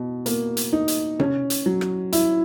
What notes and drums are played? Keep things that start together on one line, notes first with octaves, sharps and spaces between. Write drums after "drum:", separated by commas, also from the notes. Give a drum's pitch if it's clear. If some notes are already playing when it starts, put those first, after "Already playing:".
Already playing: B2
A#3, drum: hi-hat
drum: hi-hat
D#4
drum: hi-hat
C#4, drum: tom C3
drum: hi-hat
F#3
drum: rim click
E4, drum: hi-hat